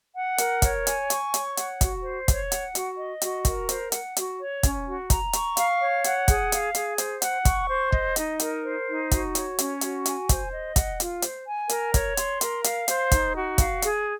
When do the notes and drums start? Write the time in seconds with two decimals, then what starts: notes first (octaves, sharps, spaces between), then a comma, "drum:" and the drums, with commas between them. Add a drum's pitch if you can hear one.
0.15 F#5
0.38 A#4, drum: hi-hat
0.62 C#5, drum: kick, hi-hat
0.87 G#5, drum: hi-hat
1.10 C#6, drum: hi-hat
1.34 C#5, drum: hi-hat
1.57 F#5, drum: hi-hat
1.81 F#4, drum: kick, hi-hat
2.03 C5
2.28 C#5, drum: kick, hi-hat
2.52 F#5, drum: hi-hat
2.75 F#4, drum: hi-hat
2.98 D#5
3.22 F#4, drum: hi-hat
3.45 A#4, drum: kick, hi-hat
3.69 C5, drum: hi-hat
3.92 F#5, drum: hi-hat
4.17 F#4, drum: hi-hat
4.39 C#5
4.63 C#4, drum: kick, hi-hat
4.87 F#4
5.10 A#5, drum: kick, hi-hat
5.33 C#6, drum: hi-hat
5.57 F5, drum: hi-hat
5.81 C#5
6.04 F#5, drum: hi-hat
6.28 G#4, drum: kick, hi-hat
6.52 F5, drum: hi-hat
6.75 G#4, drum: hi-hat
6.98 C5, drum: hi-hat
7.22 F#5, drum: hi-hat
7.45 C#6, drum: kick, hi-hat
7.69 C5
7.92 D#5, drum: kick
8.16 D#4, drum: hi-hat
8.40 A#4, drum: hi-hat
8.64 C5
8.87 D#4
9.11 F#4, drum: kick, hi-hat
9.35 C#5, drum: hi-hat
9.59 C#4, drum: hi-hat
9.81 F#4, drum: hi-hat
10.06 G#5, drum: hi-hat
10.29 C5, drum: kick, hi-hat
10.52 D#5
10.76 F#5, drum: kick, hi-hat
11.00 F4, drum: hi-hat
11.22 C5, drum: hi-hat
11.46 G#5
11.69 A#4, drum: hi-hat
11.94 C#5, drum: kick, hi-hat
12.17 C6, drum: hi-hat
12.41 A#4, drum: hi-hat
12.64 F5, drum: hi-hat
12.88 C5, drum: hi-hat
13.11 D#4, drum: kick, hi-hat
13.35 F#4
13.58 F5, drum: kick, hi-hat
13.82 G#4, drum: hi-hat